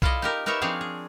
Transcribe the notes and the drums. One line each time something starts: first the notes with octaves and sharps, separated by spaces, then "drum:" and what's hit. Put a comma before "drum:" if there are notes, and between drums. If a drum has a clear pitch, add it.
E4 F4 A4 D5 D#5, drum: kick B1
D#4 G4 A#4
D#4 A#4 B4 C#5 E5
F3 C4 D4 G#4 C#5 F5
G#4